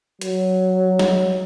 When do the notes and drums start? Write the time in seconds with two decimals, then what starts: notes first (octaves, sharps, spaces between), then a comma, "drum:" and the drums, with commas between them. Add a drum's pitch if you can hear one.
0.21 F#3, drum: hi-hat
0.99 drum: snare